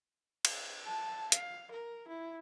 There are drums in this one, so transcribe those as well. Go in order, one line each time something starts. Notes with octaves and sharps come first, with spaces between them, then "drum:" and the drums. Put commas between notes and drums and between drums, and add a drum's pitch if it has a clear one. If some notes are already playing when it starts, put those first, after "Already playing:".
drum: cymbal
A5
F5, drum: hi-hat
A#4
E4